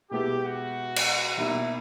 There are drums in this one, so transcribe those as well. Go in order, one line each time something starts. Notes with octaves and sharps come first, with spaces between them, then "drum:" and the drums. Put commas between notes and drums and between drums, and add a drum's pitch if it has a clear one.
B2 G#3 B3 E4 G4 A4
F#4
drum: cymbal
B2 G3 A#3 D#4 E4